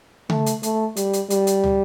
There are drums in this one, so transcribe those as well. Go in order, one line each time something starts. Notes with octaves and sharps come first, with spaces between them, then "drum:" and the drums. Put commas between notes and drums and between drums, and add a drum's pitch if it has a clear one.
A3, drum: tom C#3
drum: hi-hat
A3, drum: hi-hat
G3, drum: hi-hat
drum: hi-hat
G3, drum: hi-hat
drum: hi-hat
drum: tom